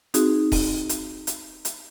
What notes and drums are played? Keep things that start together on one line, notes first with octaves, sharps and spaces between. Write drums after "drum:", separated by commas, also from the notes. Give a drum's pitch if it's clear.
C4 D#4 F#4 G#4, drum: hi-hat
drum: kick D#1, open hi-hat
drum: hi-hat
drum: hi-hat
drum: hi-hat